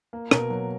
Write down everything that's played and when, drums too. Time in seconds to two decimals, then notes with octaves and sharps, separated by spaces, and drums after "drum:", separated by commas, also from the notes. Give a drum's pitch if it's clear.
0.13 A#3
0.31 B2 A#4, drum: rim click
0.50 F#3